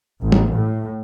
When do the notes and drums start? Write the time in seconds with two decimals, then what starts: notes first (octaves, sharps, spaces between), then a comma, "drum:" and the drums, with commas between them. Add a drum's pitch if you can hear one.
0.22 A1
0.32 drum: tom
0.55 A2